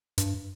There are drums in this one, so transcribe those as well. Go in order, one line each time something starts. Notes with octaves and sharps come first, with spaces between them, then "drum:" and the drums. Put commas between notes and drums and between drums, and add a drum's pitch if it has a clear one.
G2, drum: hi-hat